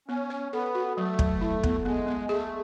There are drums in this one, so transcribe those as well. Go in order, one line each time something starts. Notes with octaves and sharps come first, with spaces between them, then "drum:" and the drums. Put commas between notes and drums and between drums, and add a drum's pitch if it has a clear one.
B3 C#4
C#5
B3 A4
F#4
F#3 A3
F#3, drum: kick
E4
B3, drum: kick
G#3 B3
B3
A3 G#4